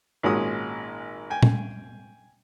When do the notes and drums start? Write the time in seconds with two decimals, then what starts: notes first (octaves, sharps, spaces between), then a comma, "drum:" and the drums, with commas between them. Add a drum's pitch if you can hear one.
0.23 G#1 A#2 G#3 C#4 F#4 D#6
1.30 G5 G#5
1.43 drum: tom